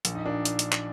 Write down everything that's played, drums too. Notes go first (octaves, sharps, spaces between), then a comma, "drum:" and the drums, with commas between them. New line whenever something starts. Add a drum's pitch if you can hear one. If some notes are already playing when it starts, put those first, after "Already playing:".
A#1, drum: hi-hat
D#4
A#2 D4
drum: hi-hat
drum: hi-hat
drum: clap